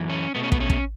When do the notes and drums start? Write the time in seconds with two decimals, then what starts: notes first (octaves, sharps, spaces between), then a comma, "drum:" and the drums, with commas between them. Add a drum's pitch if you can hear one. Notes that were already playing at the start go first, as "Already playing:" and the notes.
Already playing: F#2 E3
0.10 C#4
0.35 B2 A3 B3
0.43 C#4
0.52 B3, drum: kick
0.60 C#4
0.70 drum: kick